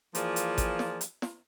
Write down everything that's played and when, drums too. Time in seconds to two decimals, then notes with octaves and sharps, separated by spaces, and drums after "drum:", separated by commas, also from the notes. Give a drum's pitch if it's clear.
0.15 E3 F3 A#3 F4 G#4 D5, drum: hi-hat
0.36 drum: hi-hat
0.58 drum: kick G#1, hi-hat
0.79 drum: snare
1.01 drum: hi-hat
1.22 drum: snare